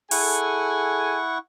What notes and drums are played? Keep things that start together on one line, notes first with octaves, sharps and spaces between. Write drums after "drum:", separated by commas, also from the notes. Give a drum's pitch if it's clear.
E4 G#4 A4 F#5 G#5 C#6, drum: open hi-hat